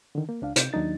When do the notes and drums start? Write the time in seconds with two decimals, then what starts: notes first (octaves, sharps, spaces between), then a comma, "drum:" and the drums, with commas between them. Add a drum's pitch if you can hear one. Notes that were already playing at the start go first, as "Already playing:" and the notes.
0.15 D3 D#3
0.29 A#3
0.42 C#2 D4 F5
0.56 C3 G6, drum: hi-hat
0.73 D#2 F#3 D4 D#4 A6